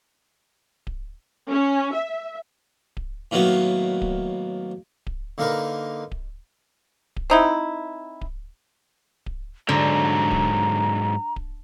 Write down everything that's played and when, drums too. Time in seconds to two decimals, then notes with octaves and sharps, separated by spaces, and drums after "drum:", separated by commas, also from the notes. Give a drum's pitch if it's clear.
0.87 drum: kick D1
1.50 C#4
1.95 E5
2.97 drum: kick D1
3.31 A2 D#3 F#3 A#3 B3
4.02 drum: kick D1
5.07 drum: kick D1
5.38 D3 A#3 D#4 A#4 B4
6.12 drum: kick D1
7.17 drum: kick D1
7.30 C4 D#4 E4
8.21 drum: kick D1
9.26 drum: kick D1
9.69 G#2 D3 F#3 A#5
10.31 drum: kick D1
11.36 drum: kick D1